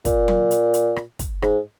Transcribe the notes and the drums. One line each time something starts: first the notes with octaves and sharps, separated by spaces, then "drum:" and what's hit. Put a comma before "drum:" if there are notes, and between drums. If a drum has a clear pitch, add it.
A#2, drum: kick, hi-hat
drum: tom F#3
drum: hi-hat
drum: hi-hat
drum: rim click
drum: kick, hi-hat
G#2, drum: rim click